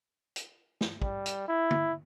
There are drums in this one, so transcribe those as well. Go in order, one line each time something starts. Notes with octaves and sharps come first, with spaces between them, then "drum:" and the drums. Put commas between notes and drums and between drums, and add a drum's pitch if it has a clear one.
drum: hi-hat
drum: snare
G3, drum: kick
drum: hi-hat
E4
drum: tom